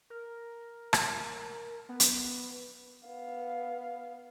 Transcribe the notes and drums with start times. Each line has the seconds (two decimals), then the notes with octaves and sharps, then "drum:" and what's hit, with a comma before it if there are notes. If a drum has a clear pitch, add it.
0.10 A#4
0.93 drum: rim click
1.89 B3
2.00 drum: hi-hat
3.07 B3 F5